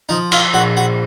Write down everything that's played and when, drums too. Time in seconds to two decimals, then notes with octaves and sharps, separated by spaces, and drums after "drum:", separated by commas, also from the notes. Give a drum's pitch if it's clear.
0.09 F3 D#4
0.32 F4, drum: cymbal
0.54 A#1 F#4
0.77 F#4